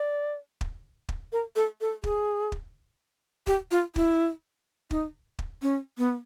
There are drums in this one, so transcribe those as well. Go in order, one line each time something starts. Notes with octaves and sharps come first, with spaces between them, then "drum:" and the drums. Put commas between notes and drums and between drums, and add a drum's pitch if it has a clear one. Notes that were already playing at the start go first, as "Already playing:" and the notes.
Already playing: D5
drum: kick
drum: kick
A#4
A4
A4
G#4, drum: kick
drum: kick
G4, drum: kick
F4
E4, drum: kick
D#4, drum: kick
drum: kick
C#4
B3